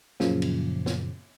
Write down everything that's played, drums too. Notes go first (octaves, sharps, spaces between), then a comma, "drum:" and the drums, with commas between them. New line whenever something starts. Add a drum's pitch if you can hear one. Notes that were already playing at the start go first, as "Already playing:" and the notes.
F#2 A#2 C#3 F3, drum: snare
drum: cymbal
drum: snare